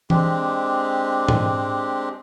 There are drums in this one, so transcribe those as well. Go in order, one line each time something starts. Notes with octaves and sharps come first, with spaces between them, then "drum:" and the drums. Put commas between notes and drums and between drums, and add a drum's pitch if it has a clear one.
G#3 C4 D4 G4, drum: tom E3
drum: tom G#2